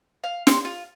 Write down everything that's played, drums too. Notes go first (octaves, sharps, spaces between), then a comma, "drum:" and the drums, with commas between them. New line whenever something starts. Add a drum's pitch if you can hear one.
F5
C6, drum: snare
F4